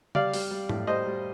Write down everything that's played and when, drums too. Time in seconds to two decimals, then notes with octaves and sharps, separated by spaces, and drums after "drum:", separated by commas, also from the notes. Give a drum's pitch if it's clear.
0.15 G3 D5 F5, drum: tom C#3
0.33 G3, drum: open hi-hat
0.51 G3
0.69 A2, drum: tom G#2
0.87 G3 C5 D#5
1.06 G3